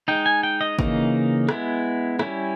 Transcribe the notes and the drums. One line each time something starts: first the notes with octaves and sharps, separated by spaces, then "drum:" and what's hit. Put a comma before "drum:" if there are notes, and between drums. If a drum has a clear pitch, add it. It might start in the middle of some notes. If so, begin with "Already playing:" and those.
G#3 D#4 G5
G#5
G5
D#5
C#3 E3 A#3 D#4, drum: kick
G#3 B3 E4, drum: rim click
G3 C#4 E4, drum: rim click